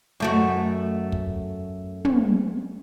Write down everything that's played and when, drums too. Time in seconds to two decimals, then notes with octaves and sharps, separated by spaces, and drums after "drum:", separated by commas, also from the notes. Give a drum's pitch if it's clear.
0.20 F#2 A3 F#4
1.12 drum: kick
2.05 drum: tom